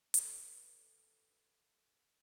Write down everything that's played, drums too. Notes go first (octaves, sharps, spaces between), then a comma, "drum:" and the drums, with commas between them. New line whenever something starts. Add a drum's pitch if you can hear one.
A4 B4 D5, drum: hi-hat